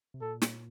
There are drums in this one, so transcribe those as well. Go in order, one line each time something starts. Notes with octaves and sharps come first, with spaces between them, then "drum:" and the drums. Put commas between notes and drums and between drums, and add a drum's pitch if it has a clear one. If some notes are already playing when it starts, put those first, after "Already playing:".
C3
A#2 A4
drum: snare